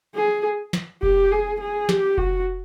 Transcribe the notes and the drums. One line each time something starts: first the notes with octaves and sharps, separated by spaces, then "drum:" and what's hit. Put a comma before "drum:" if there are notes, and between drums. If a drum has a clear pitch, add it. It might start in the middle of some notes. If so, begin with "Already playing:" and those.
G#4
drum: snare
G4, drum: kick F1
G#4
G#4
G4, drum: snare
F#4, drum: kick F1